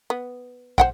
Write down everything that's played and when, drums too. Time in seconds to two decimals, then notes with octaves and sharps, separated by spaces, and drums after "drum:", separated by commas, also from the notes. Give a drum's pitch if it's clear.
0.10 B3
0.78 C5 F#5 G5, drum: kick